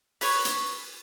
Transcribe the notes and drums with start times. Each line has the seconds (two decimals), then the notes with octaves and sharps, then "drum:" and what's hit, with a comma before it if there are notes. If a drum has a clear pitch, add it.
0.21 B4 C#5, drum: open hi-hat
0.45 drum: hi-hat